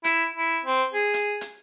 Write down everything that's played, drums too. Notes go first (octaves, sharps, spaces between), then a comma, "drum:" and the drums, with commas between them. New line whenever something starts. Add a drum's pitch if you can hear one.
E4, drum: hi-hat
E4
C4
G#4
drum: hi-hat
drum: hi-hat